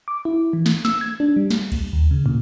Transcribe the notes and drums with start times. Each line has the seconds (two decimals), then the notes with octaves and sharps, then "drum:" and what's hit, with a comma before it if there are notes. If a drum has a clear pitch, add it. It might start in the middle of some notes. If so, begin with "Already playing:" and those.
0.08 D6
0.25 E4
0.53 E3
0.66 drum: snare
0.85 E6, drum: snare
1.01 G#6
1.20 D4
1.36 G3
1.51 drum: snare
1.72 drum: kick B1, cymbal
1.93 D#2
2.11 C#3
2.26 A#2